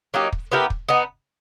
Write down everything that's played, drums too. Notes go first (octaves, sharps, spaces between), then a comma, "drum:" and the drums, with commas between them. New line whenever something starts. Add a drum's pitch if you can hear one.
F#3 A#3 D#4 G4
drum: kick
B3 E4 G4 A#4
drum: kick
B3 D#4